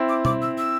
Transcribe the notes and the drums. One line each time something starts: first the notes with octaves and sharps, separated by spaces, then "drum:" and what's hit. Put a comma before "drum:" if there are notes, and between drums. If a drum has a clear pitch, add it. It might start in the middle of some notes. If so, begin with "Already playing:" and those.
Already playing: C4 E4
D6
D6, drum: tom B2
E6
E6